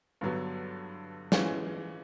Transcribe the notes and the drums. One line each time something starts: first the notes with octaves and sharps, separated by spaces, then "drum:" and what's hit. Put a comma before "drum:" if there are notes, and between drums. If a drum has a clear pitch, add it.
G2 D3 F#3 B3
E3 G#3 C#4 F4, drum: snare